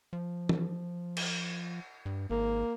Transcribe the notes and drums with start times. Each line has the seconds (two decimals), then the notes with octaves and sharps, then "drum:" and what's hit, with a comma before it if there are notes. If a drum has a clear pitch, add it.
0.13 F3
0.49 drum: tom E3
1.17 drum: cymbal
2.06 G2
2.30 G#1 A#3